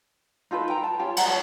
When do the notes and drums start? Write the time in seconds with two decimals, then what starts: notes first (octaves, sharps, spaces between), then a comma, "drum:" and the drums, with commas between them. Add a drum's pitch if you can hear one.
0.51 D#4 F4 A4 B4
0.70 G5 A#5
0.84 A5
0.99 C#4 F4 G4
1.17 C#5 D#5 F#5 A#5, drum: cymbal
1.28 C#5 A5